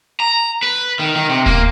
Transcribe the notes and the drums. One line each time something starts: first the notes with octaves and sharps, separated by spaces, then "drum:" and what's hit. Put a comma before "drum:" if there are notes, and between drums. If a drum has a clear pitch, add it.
A#5
B4
D#3
D#3
C3
A#3, drum: kick D#1